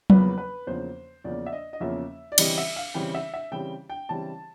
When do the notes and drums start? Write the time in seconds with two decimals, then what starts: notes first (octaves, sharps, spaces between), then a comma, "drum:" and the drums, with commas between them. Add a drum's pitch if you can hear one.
0.10 E2 C#3 F3 A#3 C#4 B4, drum: tom F#3
0.38 B4
0.67 E2 C#3 F3 A#3 C#4 C5
1.24 E2 C#3 F3 A#3 C#4 D5
1.46 E5
1.53 D#5
1.73 D#5
1.80 E2 C#3 F3 A#3 C#4 E5
2.32 D5
2.38 C#3 E3 G3 C4 D#5, drum: cymbal
2.58 E5
2.76 F5
2.94 C#3 E3 G3 C4 G5
3.14 E5
3.34 E5
3.52 C#3 E3 G3 C4 G5
3.90 G5
4.09 C#3 E3 G3 C4 A5